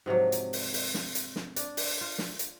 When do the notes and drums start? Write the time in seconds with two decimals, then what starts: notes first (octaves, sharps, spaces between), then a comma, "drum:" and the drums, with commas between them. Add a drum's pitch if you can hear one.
0.06 G#2 C3 F3 F#3
0.32 drum: hi-hat
0.53 drum: open hi-hat
0.74 drum: open hi-hat
0.94 drum: snare
1.15 drum: hi-hat
1.36 drum: snare
1.56 D4, drum: hi-hat
1.77 drum: open hi-hat
2.01 F4
2.18 drum: snare
2.39 drum: hi-hat